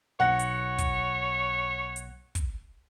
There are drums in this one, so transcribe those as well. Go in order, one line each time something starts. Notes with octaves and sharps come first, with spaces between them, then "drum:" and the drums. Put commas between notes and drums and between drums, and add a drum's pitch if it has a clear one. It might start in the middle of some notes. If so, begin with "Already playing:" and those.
B1 C#5 F#5 A#6
drum: hi-hat
drum: kick, hi-hat
drum: hi-hat
drum: kick, hi-hat